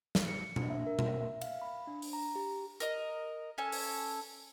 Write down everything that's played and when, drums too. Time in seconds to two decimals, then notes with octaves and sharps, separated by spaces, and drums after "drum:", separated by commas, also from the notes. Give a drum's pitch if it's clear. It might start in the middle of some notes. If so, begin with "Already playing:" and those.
0.15 drum: snare
0.28 C#7
0.56 D4, drum: tom B2
0.70 E5
0.87 A#4
0.99 drum: tom B2
1.21 E5
1.41 F5, drum: cymbal
1.62 B5
1.87 D4
2.02 drum: open hi-hat
2.13 A#5
2.35 G4
2.80 A#4 D#5, drum: hi-hat
3.58 C#4 A4 G#5
3.72 drum: open hi-hat